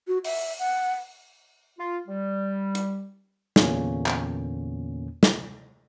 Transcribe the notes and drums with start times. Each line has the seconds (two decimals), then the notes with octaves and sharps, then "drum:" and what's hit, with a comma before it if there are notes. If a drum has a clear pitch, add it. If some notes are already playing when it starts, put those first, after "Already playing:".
0.08 F#4
0.24 E5, drum: open hi-hat
0.59 F#5
1.79 F4
2.07 G3
2.75 drum: hi-hat
3.56 E2 A#2 D3 A#3 C#4, drum: snare
4.06 drum: clap
5.23 drum: snare